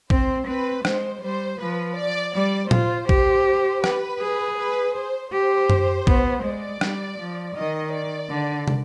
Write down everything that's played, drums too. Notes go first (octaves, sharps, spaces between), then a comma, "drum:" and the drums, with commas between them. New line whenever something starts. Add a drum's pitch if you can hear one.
C4 C5, drum: kick A#1
C4 B4
G#3 C5, drum: rim click
G3 C5
F3 B4
D5
G3 D5
F4 C5, drum: tom A#2
G4, drum: kick A#1
B4, drum: rim click
G#4
B4
C5
G4 C5
drum: tom F#2
B3, drum: kick A#1
G#3 D5
G3, drum: rim click
F3
D#3 D#5
D5
D3
drum: tom